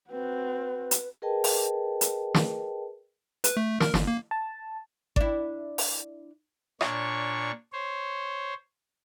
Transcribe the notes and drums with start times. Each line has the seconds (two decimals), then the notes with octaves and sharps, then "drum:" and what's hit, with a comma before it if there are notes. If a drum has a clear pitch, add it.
0.10 C4 F#4 B4
0.91 drum: hi-hat
1.22 G#4 A#4 B4 D#5 G5 A5
1.44 drum: open hi-hat
2.01 drum: hi-hat
2.34 drum: snare
3.44 B4, drum: hi-hat
3.57 A3
3.80 A#4, drum: snare
3.94 G1, drum: snare
4.07 A#3
4.31 A5
5.16 D4 E4, drum: kick G#1
5.78 drum: open hi-hat
6.81 A#2 D4 C#5 C#6, drum: rim click
7.73 C5 C#5